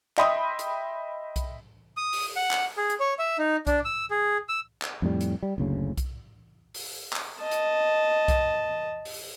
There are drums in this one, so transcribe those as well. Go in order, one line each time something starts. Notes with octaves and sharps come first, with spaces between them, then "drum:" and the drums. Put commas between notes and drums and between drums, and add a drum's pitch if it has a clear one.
D#5 E5 G5 B5 C6 D#6, drum: clap
drum: hi-hat
drum: kick B1, hi-hat
D#6
drum: open hi-hat
F#5
drum: clap
G#4
drum: hi-hat
C#5
E5
D#4
D4, drum: kick B1, hi-hat
E6
G#4
E6
drum: clap
F2 A2 G3
drum: hi-hat
G3
F#1 D2 C#3
drum: kick B1, hi-hat
drum: open hi-hat
drum: clap
D#5 A5
drum: hi-hat
drum: kick B1, hi-hat
drum: open hi-hat